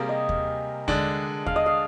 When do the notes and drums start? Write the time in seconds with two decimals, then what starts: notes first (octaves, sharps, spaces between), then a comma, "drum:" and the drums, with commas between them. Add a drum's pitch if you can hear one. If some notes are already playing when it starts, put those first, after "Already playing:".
Already playing: C3 G3 A#3 G#4 A#4
0.09 D#5
0.29 drum: kick D#2
0.88 D3 G#3 D4, drum: kick D#2
1.46 F5, drum: kick D#2
1.56 D#5
1.66 F5